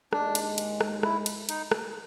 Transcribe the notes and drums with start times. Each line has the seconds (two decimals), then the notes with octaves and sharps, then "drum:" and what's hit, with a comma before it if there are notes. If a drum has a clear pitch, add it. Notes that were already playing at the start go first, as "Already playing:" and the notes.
0.13 D#2 D#3 G#3 D4, drum: rim click
0.35 drum: cymbal
0.58 drum: cymbal
0.81 drum: rim click
1.03 E4, drum: rim click
1.26 drum: cymbal
1.49 D#4, drum: cymbal
1.71 drum: rim click